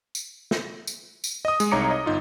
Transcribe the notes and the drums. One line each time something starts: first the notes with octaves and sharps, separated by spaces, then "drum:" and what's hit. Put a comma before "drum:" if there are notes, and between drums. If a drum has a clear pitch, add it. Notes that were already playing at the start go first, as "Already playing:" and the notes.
drum: tambourine
drum: snare
drum: tambourine
drum: tambourine
D#5 D#6
G#3, drum: tambourine
C2 D#4 C#5 A#5 D6 C#7
D#5
G1 D#4 F4